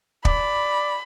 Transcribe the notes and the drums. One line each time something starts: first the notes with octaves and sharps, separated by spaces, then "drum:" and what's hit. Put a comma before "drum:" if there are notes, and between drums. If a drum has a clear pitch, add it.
D5 B5, drum: kick